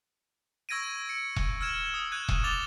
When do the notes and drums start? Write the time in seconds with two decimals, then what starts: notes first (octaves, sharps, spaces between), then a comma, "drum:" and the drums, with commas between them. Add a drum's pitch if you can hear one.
0.69 C#6 E6 G#6 A#6 D7 D#7
1.09 C#7
1.36 drum: kick E1
1.61 E6 F6 G#6 E7
1.94 D#6
2.12 F#6 G#6 D#7
2.28 drum: kick E1
2.44 D6 A6 F7 G7